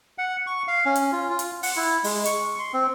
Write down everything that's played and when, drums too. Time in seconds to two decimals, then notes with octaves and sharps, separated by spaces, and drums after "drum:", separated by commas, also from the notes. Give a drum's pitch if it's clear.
0.18 F#5
0.47 C#6
0.68 F5
0.85 C#4
0.96 drum: hi-hat
1.12 F4
1.30 F4
1.39 drum: hi-hat
1.63 F#5, drum: open hi-hat
1.76 E4
2.04 G#3, drum: open hi-hat
2.25 C#6, drum: hi-hat
2.59 C6
2.73 C4